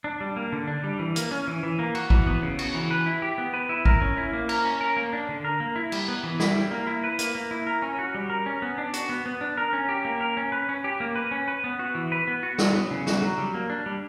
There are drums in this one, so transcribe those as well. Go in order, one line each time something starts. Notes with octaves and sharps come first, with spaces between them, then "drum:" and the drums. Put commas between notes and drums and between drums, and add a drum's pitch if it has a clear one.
D4
G3
A#3
D3
D4
G3
E3
A#3, drum: hi-hat
C#4
E3
E3
A#3
F#4, drum: cymbal
E3, drum: kick
B3
C#3
F#4, drum: cymbal
E3
B4
E4
G4
B3
B4
E4
A#4, drum: kick
C#4
E4
A#3
A#4, drum: cymbal
C#4
A#4
A#3
D4
D3
A#4
A#3
E4
G3, drum: cymbal
B3
E3
E4, drum: snare
G3
A#3
E4
B4
A#3, drum: hi-hat
A#3
E4
A#4
C#4
F#4
G3
A#4
C#4
B3
D4
F#4, drum: hi-hat
B3
B3
D4
A#4
C#4
G4
A#3
A#4
C#4
B4
C#4
G4
A#3
B4
C#4
B4
B3
F#4
E3
B4
B3
F#4
F#3, drum: snare
B3
C#3
F#4, drum: snare
F#3
G3
A#3
D4
G3